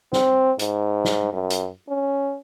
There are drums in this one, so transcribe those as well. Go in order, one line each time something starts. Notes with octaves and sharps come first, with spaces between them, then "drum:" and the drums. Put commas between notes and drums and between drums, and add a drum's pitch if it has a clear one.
C4, drum: snare
G#2, drum: hi-hat
drum: snare
F#2
drum: hi-hat
C#4